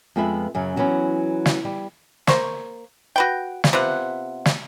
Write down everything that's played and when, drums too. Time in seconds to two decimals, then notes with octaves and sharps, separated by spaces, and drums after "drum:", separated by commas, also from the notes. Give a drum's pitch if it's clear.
0.16 F2 G#3 B3 F4 B4 E5
0.55 F#2 C#3 F#3
0.76 E3 F#3 A#3 B3 C#4
1.46 drum: snare
1.65 G3
2.27 A#3 C5 C#6, drum: snare
3.16 F#4 B4 G5
3.64 drum: snare
3.73 C3 B3 F4 F#5
4.46 drum: snare